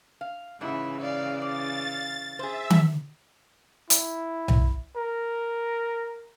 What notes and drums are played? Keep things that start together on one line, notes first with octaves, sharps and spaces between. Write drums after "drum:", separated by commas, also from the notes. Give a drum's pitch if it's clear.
F5
G#2 C#3 E3 E4 F#5
D5 F5
D5 F5 A6
G#4 C5 E5
drum: tom D#3
E4, drum: hi-hat
drum: tom B1
A#4